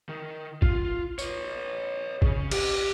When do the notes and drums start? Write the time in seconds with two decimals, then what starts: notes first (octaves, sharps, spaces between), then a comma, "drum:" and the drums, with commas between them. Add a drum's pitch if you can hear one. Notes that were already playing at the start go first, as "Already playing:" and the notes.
0.09 D#3
0.62 F4, drum: kick
1.19 B4 C#5, drum: tambourine
2.22 C#3, drum: kick
2.51 G4, drum: cymbal